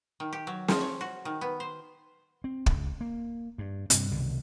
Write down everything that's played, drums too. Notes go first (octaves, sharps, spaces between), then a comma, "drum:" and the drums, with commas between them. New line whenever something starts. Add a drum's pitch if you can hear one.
D#3
G4
F#3
F3, drum: snare
C#5
F#4
D#3
B3
C5
C4
E1 C#2, drum: kick
A#3
G2
G2 C3 C4, drum: hi-hat
C2 B2 D3 D#3